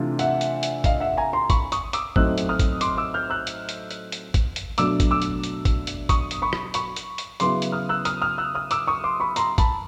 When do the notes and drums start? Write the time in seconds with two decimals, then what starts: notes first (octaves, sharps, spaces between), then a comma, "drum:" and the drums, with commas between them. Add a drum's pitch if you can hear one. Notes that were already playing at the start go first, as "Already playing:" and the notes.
Already playing: C3 E3 A3 D4 F4
0.19 E5 F#5, drum: hi-hat
0.41 drum: hi-hat
0.63 drum: hi-hat
0.84 D#5 F5, drum: kick A1, hi-hat
1.00 E5 F#5
1.17 G#5 A#5
1.33 A#5 C6
1.50 B5 C#6, drum: kick A1, hi-hat
1.72 C#6 D#6, drum: hi-hat
1.93 D6 E6, drum: hi-hat
2.16 A2 F#3 A3 C4 D#4 E6 F#6, drum: kick A1
2.38 drum: hi-hat
2.49 D#6 F6
2.59 drum: kick A1, hi-hat
2.81 C6 D6, drum: hi-hat
2.97 D6 E6
3.14 F6 G6
3.30 E6 F#6
3.47 drum: hi-hat
3.69 drum: hi-hat
3.91 drum: hi-hat
4.12 drum: hi-hat
4.34 drum: kick A1, hi-hat
4.56 drum: hi-hat
4.78 B2 F#3 A3 D4 D6 E6, drum: hi-hat
5.00 drum: kick A1, hi-hat
5.11 D6 E6
5.22 drum: hi-hat
5.43 drum: hi-hat
5.65 drum: kick A1, hi-hat
5.87 drum: hi-hat
6.09 C#6 D#6, drum: kick A1, hi-hat
6.31 drum: hi-hat
6.42 B5 C#6
6.53 drum: rim click
6.74 B5 C#6, drum: hi-hat
6.96 drum: hi-hat
7.18 drum: hi-hat
7.40 C#3 F#3 B3 E4 C6 D6, drum: hi-hat
7.62 drum: hi-hat
7.72 D#6 F6
7.89 E6 F#6
8.05 D#6 F6, drum: hi-hat
8.22 D#6 F6
8.38 E6 F#6
8.55 D#6 F6
8.71 D6 E6, drum: hi-hat
8.87 C#6 D#6
9.04 C6 D6
9.20 B5 C#6
9.36 A#5 C6, drum: hi-hat
9.58 A5 B5, drum: kick A1, hi-hat